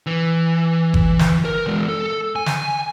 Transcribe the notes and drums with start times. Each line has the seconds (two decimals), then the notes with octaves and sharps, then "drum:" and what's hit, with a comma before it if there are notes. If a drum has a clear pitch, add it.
0.06 E3
0.94 drum: kick G1
1.19 drum: snare
1.45 A#4
1.67 E3 G#3
1.88 A4
2.36 G#5
2.46 drum: snare